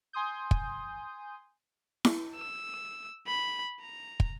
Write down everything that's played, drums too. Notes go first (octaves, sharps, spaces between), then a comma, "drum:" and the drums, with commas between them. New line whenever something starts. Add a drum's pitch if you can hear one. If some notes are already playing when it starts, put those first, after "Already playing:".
G#5 C6 D#6 G6
drum: kick
drum: snare E4
E6
B5
A#5
drum: kick